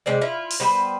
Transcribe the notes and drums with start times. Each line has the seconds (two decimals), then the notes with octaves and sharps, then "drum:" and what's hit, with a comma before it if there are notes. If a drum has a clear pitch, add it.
0.06 C3 G#3 C5 D5
0.21 E4 F4
0.51 drum: open hi-hat
0.60 G3 B3 B4 C5